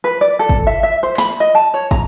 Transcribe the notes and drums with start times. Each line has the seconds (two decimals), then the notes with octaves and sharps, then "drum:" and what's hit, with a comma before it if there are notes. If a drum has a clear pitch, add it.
0.04 B4
0.21 D5
0.39 A4
0.49 drum: kick
0.67 E5
0.83 E5
1.03 C5
1.18 B5, drum: snare
1.40 D#5
1.55 A5
1.74 C#5
1.91 A#5, drum: kick